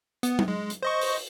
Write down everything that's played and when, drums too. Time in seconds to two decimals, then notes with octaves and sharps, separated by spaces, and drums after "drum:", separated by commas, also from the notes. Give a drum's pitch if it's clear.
0.23 B3, drum: hi-hat
0.39 drum: tom F#3
0.48 G#3
0.70 drum: hi-hat
0.83 C5 D#5 C#6
1.01 drum: open hi-hat